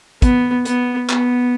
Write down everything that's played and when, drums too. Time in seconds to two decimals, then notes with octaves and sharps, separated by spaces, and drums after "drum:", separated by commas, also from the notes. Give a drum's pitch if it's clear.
0.22 B3, drum: kick, hi-hat
0.65 B3, drum: hi-hat
1.10 B3, drum: clap